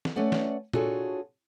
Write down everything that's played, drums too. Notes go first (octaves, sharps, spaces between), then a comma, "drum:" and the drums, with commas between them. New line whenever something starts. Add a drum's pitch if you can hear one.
drum: snare
A3 C#4 B4 D5 F#5
drum: snare
D4 F4 F#4 G#4 A4 C#5, drum: tom A#2